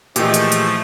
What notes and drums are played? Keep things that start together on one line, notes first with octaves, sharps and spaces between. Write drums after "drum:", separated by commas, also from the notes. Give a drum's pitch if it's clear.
A#2 E3 F3 G#3 A3 G4, drum: hi-hat
drum: hi-hat
drum: hi-hat